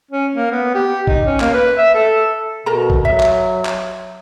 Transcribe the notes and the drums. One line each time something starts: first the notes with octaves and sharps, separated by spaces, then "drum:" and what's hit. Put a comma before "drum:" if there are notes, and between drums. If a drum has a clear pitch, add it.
C#4
A#3
B3
G4
D#4, drum: kick A#1
C#4
A#3, drum: clap
B4
E5
A4
B2 A4 A#4 A#5
drum: kick A#1
F#3 E5
drum: clap
drum: clap